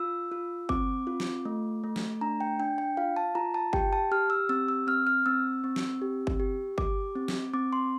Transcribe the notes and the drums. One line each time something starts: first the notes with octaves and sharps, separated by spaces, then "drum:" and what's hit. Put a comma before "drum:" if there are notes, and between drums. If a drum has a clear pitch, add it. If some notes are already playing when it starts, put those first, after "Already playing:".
Already playing: F4 E6
F4
C4 D6, drum: kick G1
F4
drum: snare
A3
A3
drum: snare
D4 A#5
G5
D4 G5
G5
F4 F5
A5
F4 A#5
A5
G4 G5, drum: kick G1
A5
G4 F6
E6
C4 E6
E6
C4 F6
F6
C4 E6
C4
drum: snare
G4
drum: kick G1
G4
G4 D6, drum: kick G1
C4
drum: snare
C4 D6
C6